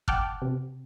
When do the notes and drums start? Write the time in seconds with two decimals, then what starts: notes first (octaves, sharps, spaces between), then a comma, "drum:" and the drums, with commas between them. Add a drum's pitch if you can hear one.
0.08 F#5 G5 A5 D6 F6 F#6, drum: kick G1
0.42 C3